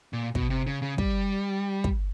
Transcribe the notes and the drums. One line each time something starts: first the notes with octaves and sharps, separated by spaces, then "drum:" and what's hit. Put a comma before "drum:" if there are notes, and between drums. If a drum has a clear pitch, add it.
A#2
B2, drum: kick
C3
C#3
C#3
G3, drum: kick
drum: kick